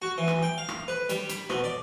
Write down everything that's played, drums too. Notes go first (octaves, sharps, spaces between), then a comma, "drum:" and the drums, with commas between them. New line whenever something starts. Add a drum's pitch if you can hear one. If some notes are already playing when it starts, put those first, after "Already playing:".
F#4
E3
drum: rim click
G5
F5
drum: rim click
B4
G3, drum: hi-hat
B5, drum: hi-hat
B2, drum: rim click
D5